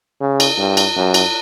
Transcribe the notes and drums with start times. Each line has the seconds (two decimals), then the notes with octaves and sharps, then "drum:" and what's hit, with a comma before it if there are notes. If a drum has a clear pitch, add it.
0.21 C#3
0.40 drum: cymbal
0.58 G2
0.77 drum: cymbal
0.96 F#2
1.14 drum: cymbal